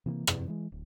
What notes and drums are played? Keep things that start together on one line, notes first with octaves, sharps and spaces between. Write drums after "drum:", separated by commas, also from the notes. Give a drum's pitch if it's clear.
C3 E3 A3 A#3
F2 C3, drum: rim click
E3 G#3
D1